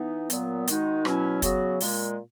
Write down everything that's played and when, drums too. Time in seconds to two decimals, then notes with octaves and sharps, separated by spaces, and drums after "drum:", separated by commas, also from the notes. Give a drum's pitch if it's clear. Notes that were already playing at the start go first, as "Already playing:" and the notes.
Already playing: E3 B3 D#4
0.30 A#2 F#3 B3, drum: hi-hat
0.67 D#3 G#3 D#4 F#4, drum: hi-hat
1.05 B2 F#3 C#4 E4, drum: rim click
1.42 C#3 F#3 B3 F#4, drum: kick, hi-hat
1.80 A#2 G#3, drum: open hi-hat